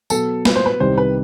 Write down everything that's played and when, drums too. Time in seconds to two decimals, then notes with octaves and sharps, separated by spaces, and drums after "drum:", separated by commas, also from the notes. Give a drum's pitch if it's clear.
0.10 B2 F#3 B3 A4, drum: tambourine
0.45 B4, drum: snare
0.56 C5
0.66 B4
0.80 C2 C3 D#3 G3 C5
0.98 B4